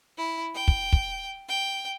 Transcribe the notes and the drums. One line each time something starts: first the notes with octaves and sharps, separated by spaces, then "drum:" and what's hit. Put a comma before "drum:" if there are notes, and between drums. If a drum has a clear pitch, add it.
E4
G5
drum: kick
drum: kick
G5